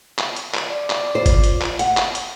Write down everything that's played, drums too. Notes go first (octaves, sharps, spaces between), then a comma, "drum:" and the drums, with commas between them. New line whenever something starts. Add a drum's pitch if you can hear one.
drum: clap
drum: hi-hat
drum: clap
D5
drum: clap
F4 C5
drum: kick, hi-hat
drum: hi-hat
drum: clap
F#5, drum: hi-hat
drum: clap
drum: hi-hat